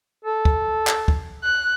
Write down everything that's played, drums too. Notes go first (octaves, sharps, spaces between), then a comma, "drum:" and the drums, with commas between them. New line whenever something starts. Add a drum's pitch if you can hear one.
A4
drum: kick
drum: clap
drum: kick
F#6